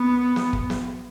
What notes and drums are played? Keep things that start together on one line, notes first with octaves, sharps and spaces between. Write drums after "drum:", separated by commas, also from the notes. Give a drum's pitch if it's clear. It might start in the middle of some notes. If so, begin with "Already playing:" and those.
Already playing: B3
drum: snare
drum: kick
drum: snare